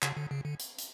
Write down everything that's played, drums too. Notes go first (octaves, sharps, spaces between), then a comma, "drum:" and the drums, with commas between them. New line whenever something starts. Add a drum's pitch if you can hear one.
C#3, drum: clap
D3
C#3
D3
drum: hi-hat
drum: hi-hat